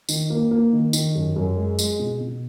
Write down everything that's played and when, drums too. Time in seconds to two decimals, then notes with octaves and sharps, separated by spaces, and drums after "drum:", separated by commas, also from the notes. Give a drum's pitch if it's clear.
0.09 D#3, drum: tambourine
0.30 A#3
0.51 A#3
0.72 D#3
0.93 D#3, drum: tambourine
1.15 F#2
1.36 F#2
1.57 G#3
1.79 G#3, drum: tambourine
1.99 B2
2.21 B2